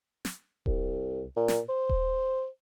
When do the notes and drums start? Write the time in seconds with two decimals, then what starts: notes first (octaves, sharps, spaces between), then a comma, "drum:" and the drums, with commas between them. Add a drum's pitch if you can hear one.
0.25 drum: snare
0.66 C2, drum: kick D#1
1.36 A#2
1.48 drum: snare
1.69 C5
1.89 drum: kick D#1